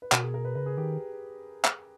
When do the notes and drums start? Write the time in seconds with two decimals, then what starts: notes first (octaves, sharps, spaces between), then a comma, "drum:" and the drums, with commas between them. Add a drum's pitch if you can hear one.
0.02 B4
0.12 B2 A#4, drum: clap
0.23 G#4
0.34 A#4
0.45 B4
0.55 C#3 B4
0.66 G#4
0.78 D#3 G4
1.64 drum: clap